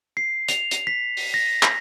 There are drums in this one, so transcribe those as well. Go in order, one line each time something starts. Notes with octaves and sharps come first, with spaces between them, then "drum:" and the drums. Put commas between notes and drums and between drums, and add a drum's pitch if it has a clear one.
C7
F7, drum: hi-hat
drum: hi-hat
B6
drum: open hi-hat
A#6
drum: clap